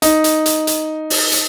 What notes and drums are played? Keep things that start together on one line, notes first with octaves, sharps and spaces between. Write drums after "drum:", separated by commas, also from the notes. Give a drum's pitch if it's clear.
D#4, drum: hi-hat
drum: hi-hat
drum: hi-hat
drum: hi-hat
drum: open hi-hat
drum: hi-hat